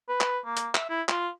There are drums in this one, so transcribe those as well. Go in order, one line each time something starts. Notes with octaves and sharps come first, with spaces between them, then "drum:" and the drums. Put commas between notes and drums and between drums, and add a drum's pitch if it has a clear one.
B4
drum: clap
A#3
drum: hi-hat
E5, drum: clap
E4
F4, drum: clap